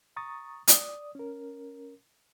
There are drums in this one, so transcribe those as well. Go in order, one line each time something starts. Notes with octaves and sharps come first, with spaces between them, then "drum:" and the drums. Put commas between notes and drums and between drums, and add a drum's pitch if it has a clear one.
A#5 C#6 D#6 A6
D5 D#6, drum: hi-hat
C#4 A#4